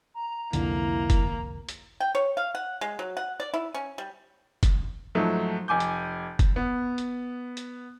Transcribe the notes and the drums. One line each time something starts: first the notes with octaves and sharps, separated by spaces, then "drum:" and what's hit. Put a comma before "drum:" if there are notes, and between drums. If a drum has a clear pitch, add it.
A#5
C2 F2 D3 A#3 E4, drum: hi-hat
drum: kick F#1, hi-hat
drum: hi-hat
G5
C#5
F5
F#5
G#3
F#3
F#5
D5
E4
C#4
G3
drum: kick F#1, hi-hat
G#2 F3 F#3 A3
F1 G#5 D6 G6
drum: hi-hat
drum: kick F#1, hi-hat
B3
drum: hi-hat
drum: hi-hat